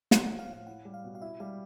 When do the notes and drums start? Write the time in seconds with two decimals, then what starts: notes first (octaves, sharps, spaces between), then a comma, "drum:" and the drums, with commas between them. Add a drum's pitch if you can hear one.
0.11 C#4 C6, drum: snare
0.26 F#5
0.31 F3
0.39 F5
0.49 A2 F5
0.67 E4 F#5
0.85 G3
0.94 F5
1.04 B2
1.15 F5
1.22 E4 E5
1.40 G3 F5